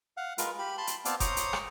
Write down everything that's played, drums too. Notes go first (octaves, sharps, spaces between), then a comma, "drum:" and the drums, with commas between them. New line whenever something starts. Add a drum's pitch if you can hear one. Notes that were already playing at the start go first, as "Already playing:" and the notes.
F5 F#5
G#3 F4 A#4 B4, drum: hi-hat
G4 B5
A5 B5 C6
drum: hi-hat
B3 C4 D5 F5 A5, drum: hi-hat
C5 C#5 A#5 D6 D#6, drum: kick F1, hi-hat
drum: hi-hat
drum: rim click